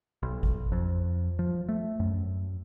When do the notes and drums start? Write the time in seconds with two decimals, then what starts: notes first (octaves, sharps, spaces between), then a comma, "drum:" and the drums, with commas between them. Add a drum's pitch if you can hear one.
0.23 B1
0.43 drum: kick G#1
0.72 F2
1.39 F3
1.69 A3
2.00 F#2